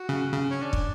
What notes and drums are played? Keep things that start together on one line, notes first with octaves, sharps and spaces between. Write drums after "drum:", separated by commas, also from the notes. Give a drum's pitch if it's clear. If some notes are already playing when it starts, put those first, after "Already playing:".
Already playing: F#4
C#3
C#3
C#4
D4
drum: kick